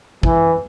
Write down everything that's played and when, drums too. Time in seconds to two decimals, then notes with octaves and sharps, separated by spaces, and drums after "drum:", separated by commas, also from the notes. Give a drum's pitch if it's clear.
0.23 E3, drum: kick